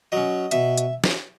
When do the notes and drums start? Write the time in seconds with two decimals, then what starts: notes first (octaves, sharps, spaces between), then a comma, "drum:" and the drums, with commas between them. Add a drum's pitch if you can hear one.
0.12 F#3 C#4 D#5
0.51 B2 E5, drum: hi-hat
0.78 drum: hi-hat
1.04 drum: snare